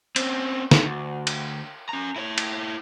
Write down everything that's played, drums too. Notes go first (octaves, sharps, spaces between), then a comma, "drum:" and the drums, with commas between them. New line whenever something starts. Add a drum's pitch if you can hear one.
C4 C#4, drum: cymbal
drum: snare
D2
drum: cymbal
C#4 A#5
E4 C#5
drum: cymbal